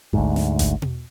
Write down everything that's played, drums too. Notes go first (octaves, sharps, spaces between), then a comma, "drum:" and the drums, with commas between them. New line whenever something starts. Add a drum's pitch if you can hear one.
D2 G#2, drum: kick G#1
drum: snare
drum: kick G#1, hi-hat
drum: tom B2